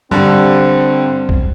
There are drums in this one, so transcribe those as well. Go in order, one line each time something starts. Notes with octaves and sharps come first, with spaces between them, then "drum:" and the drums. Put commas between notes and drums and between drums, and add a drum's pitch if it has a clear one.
G2 D3 G3 C4
drum: kick B1